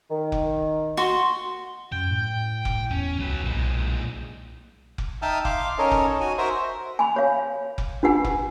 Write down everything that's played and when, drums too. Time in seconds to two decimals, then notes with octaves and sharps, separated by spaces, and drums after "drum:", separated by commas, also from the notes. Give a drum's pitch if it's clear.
0.10 D#3
0.32 drum: kick F1
0.97 F#4 C6
1.92 F#2 G5
2.10 A2
2.65 drum: kick F1
2.91 E2 C#4
3.19 C#2 F#3 B4
3.44 B1 A#2 G#3
4.98 drum: kick F1
5.22 D#4 E5 G5 A5 D#6 F6
5.45 F5 C6 D6, drum: kick F1
5.78 C#4 D#4 A4 A#4 C#5 D#5
5.91 drum: kick F1
6.21 D#4 F#4 G#5
6.38 F#4 A#4 C5 E5 A#5 C6
6.99 G#5 B5
7.16 C#5 F5
7.78 drum: kick F1
8.03 D4 F4 B4 F#5 G#5
8.24 drum: kick F1